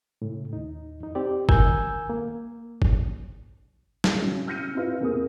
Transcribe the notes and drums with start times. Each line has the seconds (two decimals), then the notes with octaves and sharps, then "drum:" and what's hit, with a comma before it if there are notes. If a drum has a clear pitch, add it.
0.22 A2 C#3
0.53 D#2 D#4
1.00 F2 D#4
1.15 C4 G4 D5
1.49 D#3 A#4 G#5 E6 G6 G#6, drum: kick G1
2.10 A#3
2.82 drum: kick G1
4.04 drum: snare
4.21 C#3 F#3 C#4
4.47 E6 F6 G6 A#6 C#7 D#7
4.75 C4 C#4 E4 F4 B4
5.00 E2 C3 A#3 C4 G#4 D#6